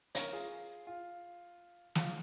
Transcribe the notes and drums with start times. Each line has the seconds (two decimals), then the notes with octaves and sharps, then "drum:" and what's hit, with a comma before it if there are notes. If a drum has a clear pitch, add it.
0.15 A#4 C#5, drum: hi-hat
0.33 F4 G#4
0.87 F4
1.95 F4, drum: snare